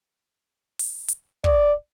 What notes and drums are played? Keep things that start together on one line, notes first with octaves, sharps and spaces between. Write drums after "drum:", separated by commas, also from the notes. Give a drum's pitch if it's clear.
drum: open hi-hat
drum: hi-hat
D5, drum: kick